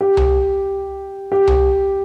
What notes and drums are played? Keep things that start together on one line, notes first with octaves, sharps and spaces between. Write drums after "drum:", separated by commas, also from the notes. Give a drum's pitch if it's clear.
G4
drum: tom C2
G4
drum: tom C2